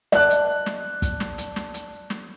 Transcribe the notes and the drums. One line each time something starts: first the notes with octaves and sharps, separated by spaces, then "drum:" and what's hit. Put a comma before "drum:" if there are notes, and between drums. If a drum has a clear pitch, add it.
D5 A5 F#6, drum: snare
drum: hi-hat
drum: snare
drum: kick, hi-hat
drum: snare
drum: hi-hat
drum: snare
drum: hi-hat
drum: snare